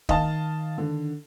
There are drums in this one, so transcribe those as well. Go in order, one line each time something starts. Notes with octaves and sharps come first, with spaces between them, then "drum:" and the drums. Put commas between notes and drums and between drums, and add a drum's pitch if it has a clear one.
D#3 D#5 F5 A5, drum: kick
D3